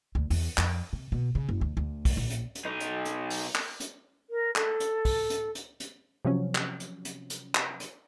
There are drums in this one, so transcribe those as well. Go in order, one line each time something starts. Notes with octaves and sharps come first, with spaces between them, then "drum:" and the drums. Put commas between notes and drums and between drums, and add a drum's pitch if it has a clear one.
D2
E2, drum: open hi-hat
F2, drum: clap
C3
B2
C#3
F#1
D2
D2
drum: kick, open hi-hat
A#1
drum: hi-hat
drum: hi-hat
B1 D#4
drum: hi-hat
drum: hi-hat
drum: open hi-hat
drum: clap
drum: hi-hat
A#4
A4, drum: clap
drum: hi-hat
drum: kick, open hi-hat
drum: hi-hat
drum: hi-hat
drum: hi-hat
C3 F3 F#3 C#4
drum: clap
drum: hi-hat
drum: hi-hat
drum: hi-hat
drum: clap
drum: hi-hat